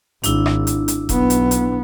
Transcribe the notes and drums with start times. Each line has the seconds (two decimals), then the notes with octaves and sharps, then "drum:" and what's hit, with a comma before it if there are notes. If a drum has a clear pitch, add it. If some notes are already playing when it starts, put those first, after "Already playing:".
0.24 G#1 D4 E4, drum: hi-hat
0.46 drum: rim click
0.67 drum: hi-hat
0.88 drum: hi-hat
1.09 B1 B3, drum: kick E1, hi-hat
1.30 drum: hi-hat
1.51 drum: hi-hat